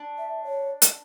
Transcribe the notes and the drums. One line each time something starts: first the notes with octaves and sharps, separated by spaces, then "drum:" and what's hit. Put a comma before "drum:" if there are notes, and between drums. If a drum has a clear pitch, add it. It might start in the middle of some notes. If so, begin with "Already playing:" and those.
Already playing: D4
E5
C#5
drum: hi-hat